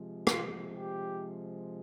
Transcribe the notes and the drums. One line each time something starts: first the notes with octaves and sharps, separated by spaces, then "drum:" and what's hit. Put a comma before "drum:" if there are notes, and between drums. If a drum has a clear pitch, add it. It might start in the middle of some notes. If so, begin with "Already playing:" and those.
Already playing: C3 F3 G#3
F4, drum: rim click
G4